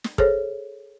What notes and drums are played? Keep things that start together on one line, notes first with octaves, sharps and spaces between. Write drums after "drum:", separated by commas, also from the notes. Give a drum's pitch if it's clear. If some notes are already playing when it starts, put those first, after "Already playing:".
drum: snare
G#4 A4 C5 C#5, drum: kick